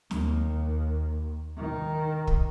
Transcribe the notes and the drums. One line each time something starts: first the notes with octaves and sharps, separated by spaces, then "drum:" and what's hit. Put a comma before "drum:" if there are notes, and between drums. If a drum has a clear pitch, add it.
D#2, drum: snare
D#3
drum: kick